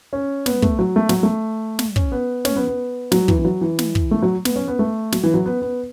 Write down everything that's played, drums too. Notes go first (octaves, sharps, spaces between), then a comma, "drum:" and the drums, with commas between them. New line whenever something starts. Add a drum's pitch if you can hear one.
C#4
B3, drum: snare
A3, drum: kick
F#3
A3
F#3, drum: snare
A3
drum: snare
C#4, drum: kick
B3
C#4, drum: snare
B3
B3
F#3, drum: snare
E3, drum: kick
E3
F#3
E3
drum: snare
drum: kick
A3
F#3
B3, drum: snare
C#4
B3
A3
F#3, drum: snare
E3
F#3
B3
B3